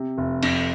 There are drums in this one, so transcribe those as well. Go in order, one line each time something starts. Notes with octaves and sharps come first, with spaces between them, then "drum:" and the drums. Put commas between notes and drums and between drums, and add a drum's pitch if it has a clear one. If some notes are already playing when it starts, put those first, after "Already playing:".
Already playing: C3
F1
F2, drum: cymbal